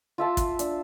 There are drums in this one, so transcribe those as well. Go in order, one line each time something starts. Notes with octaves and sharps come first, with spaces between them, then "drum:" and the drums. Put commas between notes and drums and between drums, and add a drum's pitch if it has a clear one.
F4 E5 A5
drum: kick, hi-hat
D4, drum: hi-hat